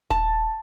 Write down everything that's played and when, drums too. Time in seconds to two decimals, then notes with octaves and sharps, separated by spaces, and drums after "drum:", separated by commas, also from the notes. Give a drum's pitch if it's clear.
0.10 A5, drum: kick D#1